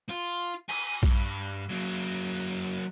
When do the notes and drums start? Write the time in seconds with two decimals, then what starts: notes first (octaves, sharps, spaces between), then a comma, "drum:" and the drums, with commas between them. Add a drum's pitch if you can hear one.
0.10 F4
0.69 G#5, drum: cymbal
1.03 G2, drum: kick A#1
1.70 F#3 A#3